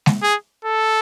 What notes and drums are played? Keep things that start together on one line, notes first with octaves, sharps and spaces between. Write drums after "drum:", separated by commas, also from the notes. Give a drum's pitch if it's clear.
drum: snare G#3
G#4
A4